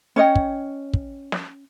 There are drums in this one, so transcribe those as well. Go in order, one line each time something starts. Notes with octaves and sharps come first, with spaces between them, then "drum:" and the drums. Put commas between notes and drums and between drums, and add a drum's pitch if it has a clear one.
C#4 C#5 D#5 G5
drum: kick
drum: kick
drum: snare